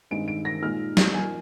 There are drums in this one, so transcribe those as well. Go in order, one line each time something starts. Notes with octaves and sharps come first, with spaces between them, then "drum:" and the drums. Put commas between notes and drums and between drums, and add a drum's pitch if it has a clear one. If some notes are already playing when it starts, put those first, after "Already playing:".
G2 D#3 G#3 C4 D#4 D7
D7
A#6
A#2 G#3 D#4 F6
drum: snare
F3 A#3 D#4 G#5